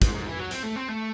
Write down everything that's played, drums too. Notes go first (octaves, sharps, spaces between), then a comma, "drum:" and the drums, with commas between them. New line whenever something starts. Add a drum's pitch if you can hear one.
G#2, drum: kick, hi-hat
G#2
E3
F#3
C4, drum: hi-hat
A3
C4
A3